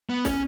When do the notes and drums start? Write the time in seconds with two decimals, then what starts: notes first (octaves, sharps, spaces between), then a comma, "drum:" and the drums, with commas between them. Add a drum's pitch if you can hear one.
0.09 B3
0.25 C#4, drum: snare